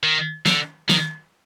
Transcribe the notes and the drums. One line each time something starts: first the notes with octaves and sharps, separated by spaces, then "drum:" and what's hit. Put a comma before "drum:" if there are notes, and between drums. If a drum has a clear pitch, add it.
D#3
D3, drum: snare
D#3, drum: snare